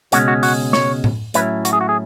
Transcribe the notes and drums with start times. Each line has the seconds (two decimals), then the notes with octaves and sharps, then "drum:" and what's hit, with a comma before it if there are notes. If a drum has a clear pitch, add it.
0.12 C#2 B2 G#3 C#4 F#4, drum: hi-hat
0.28 F#4
0.43 F#4, drum: open hi-hat
0.73 C#5, drum: snare
1.04 drum: tom A2
1.34 A2 F#3 C#4 E4 B4, drum: hi-hat
1.65 F#4, drum: hi-hat
1.73 G#4
1.81 F#4
1.89 G#4